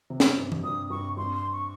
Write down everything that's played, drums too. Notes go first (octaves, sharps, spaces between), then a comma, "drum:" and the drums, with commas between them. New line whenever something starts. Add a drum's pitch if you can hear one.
C3
drum: snare
G2
drum: tom E3
G2 D#6
G2 C#6
G2 C6
C6
C#6